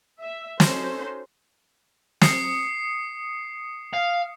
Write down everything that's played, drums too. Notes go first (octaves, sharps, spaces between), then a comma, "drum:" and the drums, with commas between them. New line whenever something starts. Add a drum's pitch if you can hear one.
E5
C#4 D#4 F#4 A4 C5, drum: snare
D#6 C7 C#7, drum: snare
F5